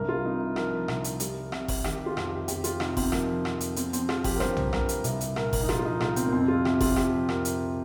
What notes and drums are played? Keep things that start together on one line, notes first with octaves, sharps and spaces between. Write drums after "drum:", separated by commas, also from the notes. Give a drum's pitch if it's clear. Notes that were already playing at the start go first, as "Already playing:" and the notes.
Already playing: C2 G2 A#4
F4
C3 D#4
D#4
F3 A#4, drum: rim click
C2, drum: rim click
drum: hi-hat
G3, drum: hi-hat
C3, drum: rim click
drum: kick F#1, open hi-hat
D#3 G4, drum: rim click
F4
F2, drum: rim click
G4
F2 G4, drum: hi-hat
F4, drum: hi-hat
C3 D#4, drum: rim click
C4, drum: kick F#1, open hi-hat
F3 A#3, drum: rim click
F2, drum: rim click
drum: hi-hat
F3 C4, drum: hi-hat
C4, drum: hi-hat
F3 F4, drum: rim click
G4, drum: kick F#1, open hi-hat
A#4
G2 C5, drum: rim click
drum: tom B1
G2 A#4, drum: rim click
drum: hi-hat
C2, drum: hi-hat
drum: hi-hat
A#2 A#4, drum: rim click
drum: kick F#1, open hi-hat
D#4
F3 F4, drum: rim click
F4
D#4
C2 F4, drum: rim click
C4, drum: hi-hat
A#3
F2 C4
F4
C3 G4, drum: rim click
F4, drum: kick F#1, open hi-hat
F3 G4, drum: rim click
F2 A#4, drum: rim click
drum: hi-hat